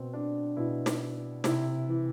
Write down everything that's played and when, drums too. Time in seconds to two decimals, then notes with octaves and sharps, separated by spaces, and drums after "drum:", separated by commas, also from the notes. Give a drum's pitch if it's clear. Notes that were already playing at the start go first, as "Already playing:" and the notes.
Already playing: B2 C4
0.13 D4
0.57 B2 E4
0.86 drum: snare
1.44 C3 E4, drum: snare
1.89 E3